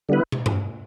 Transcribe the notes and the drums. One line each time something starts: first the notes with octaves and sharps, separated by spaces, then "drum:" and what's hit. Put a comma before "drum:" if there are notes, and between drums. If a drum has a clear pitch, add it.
D3 G3 B3 E4 B4
drum: tom
drum: tom G2